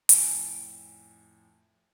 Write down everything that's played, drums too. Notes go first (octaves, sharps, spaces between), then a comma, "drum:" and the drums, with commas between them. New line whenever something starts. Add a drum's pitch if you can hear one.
F2 A2 G#5 A5 C#7 D7, drum: hi-hat